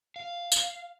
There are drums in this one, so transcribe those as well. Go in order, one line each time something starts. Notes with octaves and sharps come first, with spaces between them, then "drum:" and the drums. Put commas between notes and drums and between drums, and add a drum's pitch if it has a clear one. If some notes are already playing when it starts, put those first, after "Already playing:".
F5
drum: tambourine